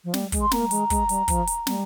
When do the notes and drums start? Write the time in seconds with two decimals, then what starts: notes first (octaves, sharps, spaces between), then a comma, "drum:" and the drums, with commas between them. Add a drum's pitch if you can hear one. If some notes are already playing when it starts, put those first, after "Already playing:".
0.04 F3
0.14 G3, drum: snare
0.32 G#3, drum: kick, hi-hat
0.41 C6
0.52 A#3 A#5, drum: snare
0.71 G#3, drum: hi-hat
0.90 G#3, drum: kick, hi-hat
1.09 G3, drum: hi-hat
1.28 F3, drum: kick, hi-hat
1.47 drum: hi-hat
1.67 G3, drum: snare